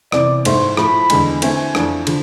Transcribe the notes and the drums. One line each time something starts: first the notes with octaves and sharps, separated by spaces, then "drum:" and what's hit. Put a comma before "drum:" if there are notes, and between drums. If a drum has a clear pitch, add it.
C3 E3 B3 D5, drum: rim click
G#2 E3 A3 E4 C5, drum: cymbal
A2 F3 A3 B5, drum: rim click
E2 D3 G#3, drum: cymbal
D3 A3 C4 E4 G#5, drum: cymbal
F2 E3 A3 D4, drum: rim click
D3 F3, drum: cymbal